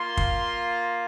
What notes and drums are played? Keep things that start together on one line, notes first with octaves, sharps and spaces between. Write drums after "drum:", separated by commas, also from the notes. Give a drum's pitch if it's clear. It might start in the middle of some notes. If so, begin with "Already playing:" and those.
Already playing: A#3 F4 C6
drum: kick